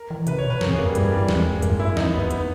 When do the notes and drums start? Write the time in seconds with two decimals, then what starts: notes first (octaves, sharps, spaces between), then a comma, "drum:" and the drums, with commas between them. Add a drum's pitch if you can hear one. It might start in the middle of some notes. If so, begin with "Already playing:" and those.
Already playing: A#4
0.11 E3
0.27 C#3 B4, drum: hi-hat
0.38 C#5
0.44 B2
0.50 B4
0.61 G2 A#4, drum: snare
0.69 E2 G#4
0.77 G2 A#3
0.86 E2 G3
0.95 G2 E3, drum: hi-hat
1.12 G2 G3
1.29 E2 G#3, drum: snare
1.53 E2
1.62 G2 A#3, drum: hi-hat
1.79 G2 E4
1.91 E2
1.97 D#4, drum: snare
2.14 E2 B3
2.24 E2
2.31 B3, drum: hi-hat